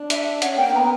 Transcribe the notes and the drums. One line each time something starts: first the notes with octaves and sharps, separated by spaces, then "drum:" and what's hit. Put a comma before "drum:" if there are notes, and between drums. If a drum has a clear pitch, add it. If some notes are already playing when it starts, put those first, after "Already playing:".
Already playing: D4
E5, drum: hi-hat
C#4 F#5, drum: hi-hat
A#3 G5
B3 A#5